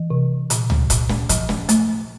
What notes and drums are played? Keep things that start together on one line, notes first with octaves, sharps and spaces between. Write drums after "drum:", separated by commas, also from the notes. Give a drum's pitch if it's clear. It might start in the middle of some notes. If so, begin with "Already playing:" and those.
Already playing: E3
C3
A#2, drum: hi-hat
drum: tom C#2
A#2, drum: kick, hi-hat
drum: snare
F3, drum: kick, hi-hat
drum: snare
A3, drum: hi-hat